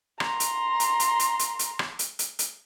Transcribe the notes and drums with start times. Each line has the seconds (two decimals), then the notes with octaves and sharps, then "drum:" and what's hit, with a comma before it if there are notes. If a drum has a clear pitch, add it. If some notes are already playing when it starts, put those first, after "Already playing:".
0.20 A#5 C6, drum: rim click
0.40 drum: hi-hat
0.80 drum: hi-hat
1.00 drum: hi-hat
1.19 drum: hi-hat
1.39 drum: hi-hat
1.59 drum: hi-hat
1.79 drum: rim click
1.99 drum: hi-hat
2.19 drum: hi-hat
2.39 drum: hi-hat